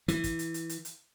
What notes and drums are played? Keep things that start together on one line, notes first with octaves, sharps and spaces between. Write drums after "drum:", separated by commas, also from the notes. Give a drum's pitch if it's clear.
E3, drum: hi-hat
drum: kick, hi-hat
drum: hi-hat
drum: hi-hat
drum: hi-hat
drum: hi-hat